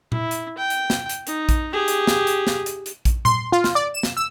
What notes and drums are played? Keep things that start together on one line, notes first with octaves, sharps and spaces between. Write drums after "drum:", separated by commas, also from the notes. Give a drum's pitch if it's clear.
E4, drum: tom A#2
drum: hi-hat
G5
drum: hi-hat
drum: snare
drum: hi-hat
D#4, drum: hi-hat
drum: kick A#1, hi-hat
G4 G#4
drum: hi-hat
drum: snare
drum: hi-hat
drum: snare
drum: hi-hat
drum: hi-hat
drum: kick A#1, hi-hat
C6, drum: tom A#2
F4
drum: snare
D5
E7
drum: snare
E6